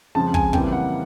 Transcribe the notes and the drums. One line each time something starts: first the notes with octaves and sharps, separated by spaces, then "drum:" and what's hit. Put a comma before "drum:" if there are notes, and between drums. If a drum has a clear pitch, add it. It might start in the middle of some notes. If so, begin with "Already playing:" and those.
F2 C#3 F3 G#3 A5
G#5, drum: kick
F2 C#3 E3 G3 A#3 G5, drum: kick
F#5